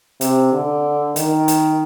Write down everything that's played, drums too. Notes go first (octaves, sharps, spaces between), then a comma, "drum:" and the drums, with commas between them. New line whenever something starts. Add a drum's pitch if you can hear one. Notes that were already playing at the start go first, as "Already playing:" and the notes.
C3, drum: hi-hat
D3
D#3, drum: hi-hat
drum: hi-hat